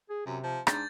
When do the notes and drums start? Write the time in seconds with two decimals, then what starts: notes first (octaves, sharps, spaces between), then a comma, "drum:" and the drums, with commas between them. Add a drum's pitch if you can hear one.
0.10 G#4
0.26 F#2 C3
0.44 F3
0.67 G#2 D4 G6 A6, drum: rim click